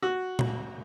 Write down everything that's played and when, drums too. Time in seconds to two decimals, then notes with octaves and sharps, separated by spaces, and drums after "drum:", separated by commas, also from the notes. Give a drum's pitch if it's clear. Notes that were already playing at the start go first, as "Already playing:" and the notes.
0.03 F#4
0.39 drum: tom A#2